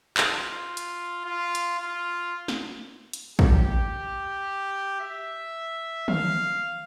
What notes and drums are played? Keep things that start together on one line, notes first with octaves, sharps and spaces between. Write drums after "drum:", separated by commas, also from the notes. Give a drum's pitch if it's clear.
F4, drum: clap
drum: hi-hat
F4
drum: hi-hat
F4
drum: snare
drum: hi-hat
G4, drum: kick
E5
F5, drum: tom